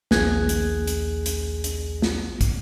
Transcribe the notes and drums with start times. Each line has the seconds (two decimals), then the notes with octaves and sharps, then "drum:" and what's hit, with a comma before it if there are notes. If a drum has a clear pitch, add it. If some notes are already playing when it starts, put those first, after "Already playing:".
0.11 A#1 D#2 G#4 F#6 G#6, drum: snare
0.49 drum: hi-hat
0.87 drum: hi-hat
1.26 drum: hi-hat
1.64 drum: hi-hat
2.02 drum: snare
2.41 drum: kick, hi-hat